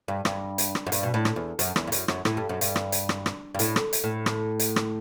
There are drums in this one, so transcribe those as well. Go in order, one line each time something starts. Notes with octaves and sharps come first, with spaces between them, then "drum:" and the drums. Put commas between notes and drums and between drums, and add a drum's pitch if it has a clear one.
G2
G2, drum: rim click
drum: hi-hat
drum: rim click
F#2
G2, drum: hi-hat
B2
A2
drum: rim click
E2
F#2, drum: hi-hat
E2, drum: rim click
G2
F#2, drum: hi-hat
F#2, drum: rim click
A2, drum: rim click
G2
F#2
G2, drum: hi-hat
drum: rim click
drum: hi-hat
drum: rim click
drum: rim click
G2
A2, drum: hi-hat
drum: rim click
drum: hi-hat
A2
drum: rim click
drum: hi-hat
drum: rim click